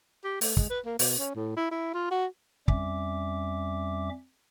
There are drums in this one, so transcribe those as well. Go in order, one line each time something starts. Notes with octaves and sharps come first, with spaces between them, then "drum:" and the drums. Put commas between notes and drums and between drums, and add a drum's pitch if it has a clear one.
G4
A3, drum: open hi-hat
G#3, drum: kick
B4
A#3
B2, drum: open hi-hat
C#4
A2
E4
E4
F4
F#4
F2 G3 C#4 E5 D6, drum: kick